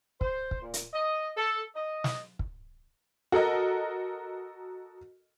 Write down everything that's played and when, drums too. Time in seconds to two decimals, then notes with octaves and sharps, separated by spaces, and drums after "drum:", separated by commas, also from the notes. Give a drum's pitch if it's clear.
0.21 C5, drum: kick
0.51 drum: kick
0.61 A#2
0.74 drum: hi-hat
0.93 D#5
1.37 A4
1.75 D#5
2.04 drum: snare
2.39 drum: kick
3.32 F#4 A4 A#4 D#5